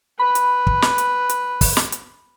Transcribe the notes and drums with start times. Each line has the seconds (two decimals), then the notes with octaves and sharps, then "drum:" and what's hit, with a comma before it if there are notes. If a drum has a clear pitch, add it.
0.19 B4 B5
0.35 drum: hi-hat
0.67 drum: kick
0.82 drum: snare
0.98 drum: hi-hat
1.29 drum: hi-hat
1.61 drum: kick, open hi-hat
1.77 drum: snare
1.92 drum: hi-hat